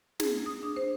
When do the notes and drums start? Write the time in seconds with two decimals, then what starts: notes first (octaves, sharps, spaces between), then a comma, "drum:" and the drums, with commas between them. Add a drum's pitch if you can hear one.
0.20 G#4, drum: snare
0.46 D#6
0.63 D4
0.76 C5